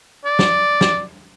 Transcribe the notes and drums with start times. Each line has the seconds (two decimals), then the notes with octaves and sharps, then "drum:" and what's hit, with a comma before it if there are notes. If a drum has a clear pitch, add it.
0.25 D5
0.39 drum: snare
0.81 drum: snare